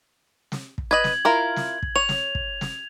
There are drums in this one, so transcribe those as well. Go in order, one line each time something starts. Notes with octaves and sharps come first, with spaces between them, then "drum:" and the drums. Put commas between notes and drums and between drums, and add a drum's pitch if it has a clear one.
drum: snare
drum: kick
B4 D#5 G#6 F#7
drum: snare
E4 F4 A#4
drum: snare
drum: kick
C#5 F7
drum: snare
drum: kick
drum: snare